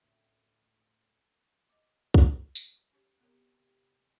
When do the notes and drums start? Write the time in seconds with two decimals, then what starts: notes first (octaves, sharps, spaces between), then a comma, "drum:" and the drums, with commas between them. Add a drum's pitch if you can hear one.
0.03 D2 A2 A3 C4 C#4
1.70 D#5 D6
2.14 G3 G#4, drum: kick B1
2.55 drum: tambourine
2.92 C#4 G4 C#5
3.20 C3 B3 G4 A#4 C#5